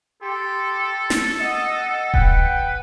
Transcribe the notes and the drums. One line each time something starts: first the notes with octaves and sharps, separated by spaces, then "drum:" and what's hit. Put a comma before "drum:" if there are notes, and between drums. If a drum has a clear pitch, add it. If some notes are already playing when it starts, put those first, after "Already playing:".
G4 A4 C6
drum: snare
D#5 F#5
B4 G5, drum: kick D#1